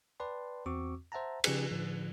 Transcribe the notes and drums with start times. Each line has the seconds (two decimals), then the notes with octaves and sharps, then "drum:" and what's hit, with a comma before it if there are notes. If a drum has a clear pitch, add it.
0.20 B4 D5 G5 A5 C6
0.66 E2 C4 F#4 C#6 D6 E6
1.12 C5 E5 F#5 A5 A#5
1.44 C#3 F3 G4 G#5 C#7, drum: cymbal
1.71 A2 D3 F3